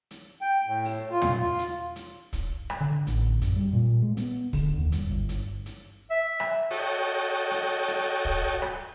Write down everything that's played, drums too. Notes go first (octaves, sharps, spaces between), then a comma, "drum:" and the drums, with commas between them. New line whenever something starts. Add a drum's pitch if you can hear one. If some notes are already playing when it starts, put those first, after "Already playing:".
drum: hi-hat
G5
A2
drum: open hi-hat
F4
drum: tom
F4
drum: hi-hat
drum: hi-hat
drum: kick, hi-hat
drum: rim click
D3
A1, drum: hi-hat
F#2, drum: hi-hat
G3
A#2
G#3
B3, drum: hi-hat
D3, drum: kick, open hi-hat
D#2
G2, drum: hi-hat
G1
drum: hi-hat
drum: hi-hat
E5
drum: rim click
F#4 A4 C#5 D#5 G5
drum: hi-hat
drum: hi-hat
drum: kick
drum: rim click